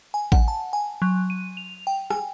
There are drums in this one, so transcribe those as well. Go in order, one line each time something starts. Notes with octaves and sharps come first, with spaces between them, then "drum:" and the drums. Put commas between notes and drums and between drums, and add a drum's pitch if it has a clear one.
G#5
F#5, drum: kick A1
A5
G#5
F#3
D#7
F7
G5
G#5, drum: rim click